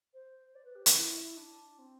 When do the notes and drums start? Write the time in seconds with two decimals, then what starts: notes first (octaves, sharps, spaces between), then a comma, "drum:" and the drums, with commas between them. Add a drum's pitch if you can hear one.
0.14 C5
0.55 D5
0.65 B4
0.75 G4
0.86 F4, drum: hi-hat
0.96 E4
1.37 D4
1.78 C4